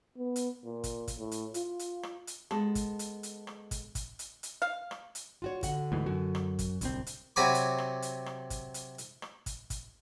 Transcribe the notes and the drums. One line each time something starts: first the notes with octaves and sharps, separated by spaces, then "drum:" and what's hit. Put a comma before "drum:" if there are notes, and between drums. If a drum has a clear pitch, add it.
B3
drum: hi-hat
A#2
drum: kick, hi-hat
drum: kick, hi-hat
A2
drum: hi-hat
F4, drum: hi-hat
drum: hi-hat
drum: rim click
drum: hi-hat
G#3 B3 A4, drum: rim click
drum: kick, hi-hat
drum: hi-hat
drum: hi-hat
drum: rim click
drum: kick, hi-hat
drum: kick, hi-hat
drum: hi-hat
drum: hi-hat
F5
drum: rim click
drum: hi-hat
F4 F#4 C#5
D3 F#4 F#5, drum: kick, hi-hat
D2 G#2 E3
F#2 F#4
drum: rim click
drum: kick, hi-hat
D1 C2 C4, drum: kick, hi-hat
drum: hi-hat
C3 F#3 F#4 G#5 B5 D6
drum: hi-hat
drum: rim click
drum: hi-hat
drum: rim click
drum: kick, hi-hat
drum: hi-hat
drum: hi-hat
drum: rim click
drum: kick, hi-hat
drum: kick, hi-hat